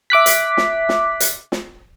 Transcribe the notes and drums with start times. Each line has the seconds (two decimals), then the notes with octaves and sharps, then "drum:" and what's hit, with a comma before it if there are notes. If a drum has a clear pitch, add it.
0.10 E5 D6 F#6 B6
0.26 drum: hi-hat
0.57 drum: snare
0.89 drum: snare
1.20 drum: hi-hat
1.52 drum: snare